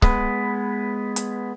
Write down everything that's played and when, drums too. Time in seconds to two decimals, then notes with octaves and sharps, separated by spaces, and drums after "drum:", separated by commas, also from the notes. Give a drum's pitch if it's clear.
0.02 G#3 B3 B4, drum: kick C#1
1.16 drum: hi-hat